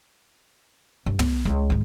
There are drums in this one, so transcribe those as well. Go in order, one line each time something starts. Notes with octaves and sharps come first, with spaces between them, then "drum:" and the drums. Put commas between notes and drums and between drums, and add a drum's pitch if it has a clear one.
G2
B3, drum: tom
C#2
G#2 D#3